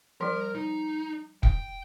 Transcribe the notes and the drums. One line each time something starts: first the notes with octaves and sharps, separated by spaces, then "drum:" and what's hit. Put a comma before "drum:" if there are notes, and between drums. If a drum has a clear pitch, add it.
F3 G3 A#4
D#4
G5, drum: kick F1